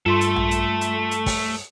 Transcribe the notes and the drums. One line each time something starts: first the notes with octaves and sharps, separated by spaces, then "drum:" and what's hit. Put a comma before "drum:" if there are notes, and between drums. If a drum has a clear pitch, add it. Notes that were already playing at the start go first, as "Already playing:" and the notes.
G2 A3 F4 A4 C6
drum: hi-hat
drum: tom A#1
drum: hi-hat
drum: hi-hat
drum: hi-hat
drum: kick, open hi-hat